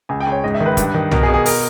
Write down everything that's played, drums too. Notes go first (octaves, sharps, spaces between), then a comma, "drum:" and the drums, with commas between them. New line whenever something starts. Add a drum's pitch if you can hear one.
C#2 G#5
G5
C#2
C#5
G#2 D#5
E5
D#3
B4
G2, drum: kick, hi-hat
D#3
B2 A#4, drum: tom
G#4
B2
G#4
A#4, drum: open hi-hat